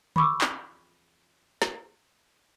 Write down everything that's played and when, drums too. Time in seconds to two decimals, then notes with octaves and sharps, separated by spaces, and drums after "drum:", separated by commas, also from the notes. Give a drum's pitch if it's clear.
0.16 B5 C#6 D6 E6, drum: tom D3
0.41 drum: clap
1.62 drum: snare